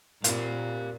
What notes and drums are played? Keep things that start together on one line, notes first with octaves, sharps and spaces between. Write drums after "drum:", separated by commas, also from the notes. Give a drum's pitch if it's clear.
A#2 C4 F4 G4 A#4 F5, drum: hi-hat